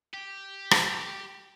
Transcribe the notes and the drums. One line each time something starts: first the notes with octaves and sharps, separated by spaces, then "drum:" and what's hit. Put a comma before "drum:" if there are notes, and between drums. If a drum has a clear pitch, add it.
G4
drum: rim click